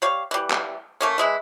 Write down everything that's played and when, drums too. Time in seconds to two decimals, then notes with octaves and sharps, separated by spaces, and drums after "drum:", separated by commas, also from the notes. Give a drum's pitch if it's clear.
0.02 G3 C#5 F5
0.31 E3 G3
0.51 drum: clap
1.01 A3 A#3 C#4
1.18 E3 G#3 E4